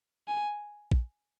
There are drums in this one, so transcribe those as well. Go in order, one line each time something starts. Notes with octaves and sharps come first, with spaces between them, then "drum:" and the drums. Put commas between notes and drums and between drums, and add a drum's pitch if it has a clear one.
G#5
drum: kick